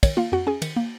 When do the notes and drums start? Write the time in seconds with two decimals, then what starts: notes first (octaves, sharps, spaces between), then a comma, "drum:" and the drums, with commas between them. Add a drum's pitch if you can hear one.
0.03 D#3 C#5, drum: kick, cymbal
0.17 A#3 F4 F5
0.32 F2 F#4 F#5
0.47 C#4 G#4 G#5
0.62 D#3, drum: cymbal
0.76 A#3